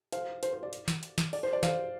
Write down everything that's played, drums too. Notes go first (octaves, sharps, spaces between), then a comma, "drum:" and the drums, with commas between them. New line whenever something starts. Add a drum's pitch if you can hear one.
C5 F5, drum: hi-hat
C5, drum: hi-hat
C5
D5
drum: hi-hat
drum: snare
drum: hi-hat
drum: snare
D5, drum: open hi-hat
C5
D5
C5 F5, drum: snare